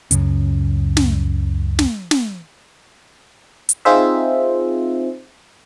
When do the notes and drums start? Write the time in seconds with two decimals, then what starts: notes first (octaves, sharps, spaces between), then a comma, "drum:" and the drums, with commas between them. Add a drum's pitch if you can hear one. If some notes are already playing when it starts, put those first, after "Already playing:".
0.11 C#2 F#2 C#3 C#4, drum: hi-hat
0.97 drum: snare
1.79 drum: snare
2.11 drum: snare
3.69 drum: hi-hat
3.85 C4 D#4 F4 G#4 C5 E5